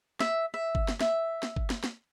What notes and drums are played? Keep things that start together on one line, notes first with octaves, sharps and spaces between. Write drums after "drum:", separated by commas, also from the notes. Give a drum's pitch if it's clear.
E5, drum: snare
E5
drum: kick G1
drum: snare
E5, drum: snare
drum: snare
drum: kick G1
drum: snare
drum: snare